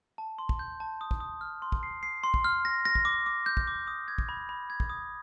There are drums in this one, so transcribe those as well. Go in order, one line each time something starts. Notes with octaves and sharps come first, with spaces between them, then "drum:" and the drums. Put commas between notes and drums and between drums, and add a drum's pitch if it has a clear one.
A5
C6
drum: kick
G6
A5
D#6
drum: kick
D#6
F6
C6
drum: kick
C7
C7
C6
drum: kick
F6
A#6
A#6
drum: kick
D6
D6
G6
drum: kick
D6
D#6
G#6
drum: kick
B5
B5
G#6
drum: kick
D#6